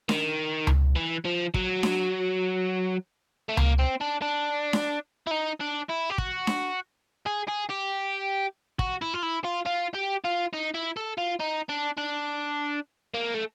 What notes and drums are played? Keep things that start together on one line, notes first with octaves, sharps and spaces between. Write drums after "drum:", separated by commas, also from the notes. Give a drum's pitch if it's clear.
D#3, drum: snare D4
drum: tom C#2
E3
F3
F#3, drum: kick
drum: snare D4
A3
A#3, drum: tom C#2
C4
D4
D4
drum: snare D4
E4
D#4
D4
E4
G4
F#4, drum: kick
drum: snare D4
G#4
G#4
G4
F#4, drum: kick
E4
F4
E4
F4
F4
G4
F4
D#4
E4
A4
F4
D#4
D4
D4
A#3
A3